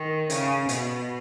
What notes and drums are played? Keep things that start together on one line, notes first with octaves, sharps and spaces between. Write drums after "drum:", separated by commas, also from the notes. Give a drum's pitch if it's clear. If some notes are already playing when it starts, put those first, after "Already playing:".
Already playing: D#3
C#3, drum: hi-hat
B2, drum: hi-hat